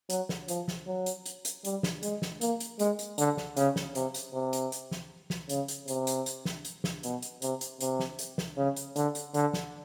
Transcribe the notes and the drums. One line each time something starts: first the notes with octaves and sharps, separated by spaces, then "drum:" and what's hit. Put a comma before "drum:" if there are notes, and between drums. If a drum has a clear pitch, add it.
F#3, drum: hi-hat
drum: snare
F3, drum: hi-hat
drum: snare
F#3
drum: hi-hat
drum: hi-hat
drum: hi-hat
G3, drum: hi-hat
drum: snare
G#3, drum: hi-hat
drum: snare
A#3, drum: hi-hat
drum: hi-hat
G#3, drum: hi-hat
drum: hi-hat
D3, drum: hi-hat
drum: snare
C#3, drum: hi-hat
drum: snare
C3, drum: hi-hat
drum: hi-hat
C3
drum: hi-hat
drum: hi-hat
drum: snare
drum: snare
C#3, drum: hi-hat
drum: hi-hat
C3, drum: hi-hat
drum: hi-hat
drum: hi-hat
drum: snare
drum: hi-hat
drum: snare
B2, drum: hi-hat
drum: hi-hat
C3, drum: hi-hat
drum: hi-hat
C3, drum: hi-hat
drum: snare
drum: hi-hat
drum: snare
C#3
drum: hi-hat
D3, drum: hi-hat
drum: hi-hat
D3, drum: hi-hat
drum: snare